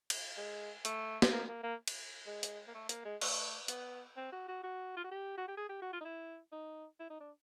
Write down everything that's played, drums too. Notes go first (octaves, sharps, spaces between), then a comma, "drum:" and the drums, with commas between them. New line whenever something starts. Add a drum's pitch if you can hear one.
drum: cymbal
G#3
A3, drum: hi-hat
drum: snare
A#3
A#3
A#3
drum: cymbal
G#3
drum: hi-hat
A#3
A3
A#3, drum: hi-hat
G#3
A3, drum: cymbal
B3, drum: hi-hat
C4
F#4
F#4
F#4
F4
F#4
G4
F#4
G4
G#4
G4
F#4
F4
D#4
E4
D#4
E4
D#4
D4